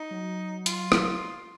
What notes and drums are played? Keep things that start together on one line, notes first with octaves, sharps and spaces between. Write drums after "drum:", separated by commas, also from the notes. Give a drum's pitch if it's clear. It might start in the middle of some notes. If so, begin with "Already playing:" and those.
Already playing: D#4
F#3
F4, drum: hi-hat
drum: rim click